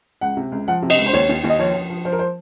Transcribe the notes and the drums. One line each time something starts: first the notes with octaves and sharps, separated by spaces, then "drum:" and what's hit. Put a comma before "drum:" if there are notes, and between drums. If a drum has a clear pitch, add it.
C#2 F#5
C3
C#2
F3 F#5
C3
D#5, drum: cymbal
C#2
C5
D#2 C#5
D#2
D#2
D#5
F3 C#5
F3
F3
F3 C5
A#4
C5